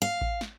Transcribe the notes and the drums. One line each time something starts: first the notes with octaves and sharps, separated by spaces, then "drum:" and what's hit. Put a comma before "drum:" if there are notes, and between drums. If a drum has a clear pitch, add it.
F5
drum: kick A1
drum: snare